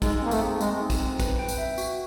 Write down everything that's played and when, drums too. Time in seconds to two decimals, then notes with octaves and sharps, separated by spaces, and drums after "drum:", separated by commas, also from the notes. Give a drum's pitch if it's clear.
0.02 G#3 D#4, drum: kick, tambourine
0.22 A#3 C4
0.31 A3, drum: tambourine
0.41 G#4
0.61 G#3 C4, drum: tambourine
0.80 D#4
0.90 drum: kick, tambourine
0.99 C4
1.20 B4, drum: kick, tambourine
1.39 G5
1.49 drum: tambourine
1.58 E5
1.78 F#4, drum: tambourine